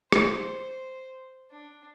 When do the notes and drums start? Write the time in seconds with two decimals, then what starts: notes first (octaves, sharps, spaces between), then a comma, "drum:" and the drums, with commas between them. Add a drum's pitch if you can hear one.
0.12 C5, drum: rim click
1.52 D4